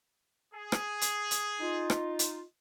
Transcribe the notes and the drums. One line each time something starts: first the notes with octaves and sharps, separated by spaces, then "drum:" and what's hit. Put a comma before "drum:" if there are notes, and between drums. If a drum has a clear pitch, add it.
G#4
drum: rim click
drum: hi-hat
drum: hi-hat
D#4 F4
drum: rim click
drum: hi-hat